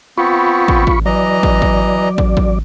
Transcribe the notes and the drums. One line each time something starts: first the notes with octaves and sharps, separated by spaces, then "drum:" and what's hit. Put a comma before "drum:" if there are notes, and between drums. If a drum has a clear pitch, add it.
B3 C4 F4 B5 C#6
drum: kick
drum: kick
E3 F#3 D5 D#5 A#5
drum: kick
drum: kick
drum: kick
drum: kick